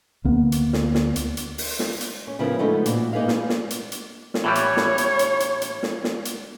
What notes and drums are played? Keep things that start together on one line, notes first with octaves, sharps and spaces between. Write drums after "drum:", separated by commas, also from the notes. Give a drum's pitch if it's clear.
D2 A#3 B3
drum: hi-hat
drum: snare
drum: snare
drum: hi-hat
drum: hi-hat
drum: open hi-hat
drum: snare
drum: hi-hat
C#4
C#3 F3 B3 E4 F4 A#4
F3 G#3 A3 B3 D4 D#4
A#2 F#4, drum: hi-hat
A#3 D#4 G#4 B4 F5
drum: snare
drum: snare
drum: hi-hat
drum: hi-hat
drum: snare
A2 E3 G3 C#5
drum: hi-hat
drum: snare
drum: hi-hat
drum: hi-hat
drum: hi-hat
drum: hi-hat
drum: snare
drum: snare
drum: hi-hat